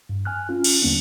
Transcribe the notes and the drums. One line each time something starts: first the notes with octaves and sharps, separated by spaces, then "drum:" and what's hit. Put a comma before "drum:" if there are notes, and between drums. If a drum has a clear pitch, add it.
G2
G#5 F6 F#6
C#4 F4
drum: cymbal
E2 D3 G3 A#3 B3 D4